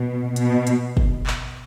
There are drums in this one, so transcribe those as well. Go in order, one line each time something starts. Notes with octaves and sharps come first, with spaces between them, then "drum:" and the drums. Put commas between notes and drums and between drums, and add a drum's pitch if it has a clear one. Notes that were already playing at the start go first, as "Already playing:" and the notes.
Already playing: B2
B2, drum: hi-hat
drum: hi-hat
drum: kick
drum: clap